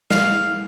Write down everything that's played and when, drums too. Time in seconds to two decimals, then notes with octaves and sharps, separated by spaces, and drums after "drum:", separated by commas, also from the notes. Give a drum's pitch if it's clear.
0.11 F5, drum: snare